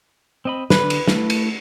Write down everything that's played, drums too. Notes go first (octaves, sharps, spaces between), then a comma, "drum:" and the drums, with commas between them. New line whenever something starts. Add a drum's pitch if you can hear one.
C4 D#5 B5
D3 B4, drum: snare
drum: cymbal
A3 E4, drum: snare
drum: cymbal